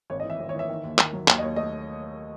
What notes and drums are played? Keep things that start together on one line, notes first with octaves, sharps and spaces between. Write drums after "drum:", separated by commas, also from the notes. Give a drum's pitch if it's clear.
G#1 C#5
D#5
E3
E5
G#1
C#5
E3 E5
D#3
D#2
D#3, drum: clap
F#3
D#2, drum: clap
D#5
D#2 C#5
A3 D#5